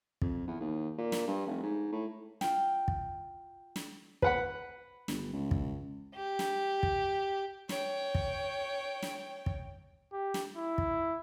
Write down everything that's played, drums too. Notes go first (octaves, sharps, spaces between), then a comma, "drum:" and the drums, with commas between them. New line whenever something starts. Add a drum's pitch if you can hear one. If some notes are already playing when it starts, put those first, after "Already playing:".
F2, drum: kick
E2
D#2
A#2
drum: snare
G2
F1
G#2
A2
F4 G5, drum: snare
drum: kick
drum: snare
B4 F#5 B5, drum: kick
G1, drum: snare
C#2
drum: kick
G4
drum: snare
drum: kick
C#5 G5, drum: snare
drum: kick
drum: snare
drum: kick
G4
drum: snare
E4
drum: kick